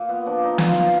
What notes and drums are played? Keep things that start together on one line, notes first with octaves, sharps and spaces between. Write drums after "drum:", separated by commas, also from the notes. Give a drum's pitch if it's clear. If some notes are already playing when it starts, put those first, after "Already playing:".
Already playing: A#2
B3
F3 D4
D#4
A#2 F4, drum: snare
F4